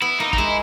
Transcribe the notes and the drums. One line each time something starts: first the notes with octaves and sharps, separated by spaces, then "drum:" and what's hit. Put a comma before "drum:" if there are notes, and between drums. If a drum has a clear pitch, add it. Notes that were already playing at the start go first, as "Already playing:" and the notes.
B3 E4
A#3 D#4
D#4, drum: kick
G#3 E4